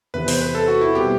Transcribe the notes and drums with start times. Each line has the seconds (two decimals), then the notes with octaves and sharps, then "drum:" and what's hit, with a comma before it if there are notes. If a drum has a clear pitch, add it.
0.14 E2 C3 E3 B3 B4
0.28 C5, drum: open hi-hat
0.42 B4
0.55 A4
0.68 F#4
0.81 E4
0.95 B2 G3 C4 E4 G4 B4